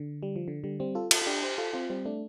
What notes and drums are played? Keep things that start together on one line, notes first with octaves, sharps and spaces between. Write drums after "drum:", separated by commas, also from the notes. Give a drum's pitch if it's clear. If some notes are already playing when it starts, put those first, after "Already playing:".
Already playing: D3
G3
F3
D3
D3 G3
G3 C4
F4 A4
F4 A4, drum: cymbal
F4
D4 G4
G4 C5
F4 A4
C4 F4
G3 C4
A3 D4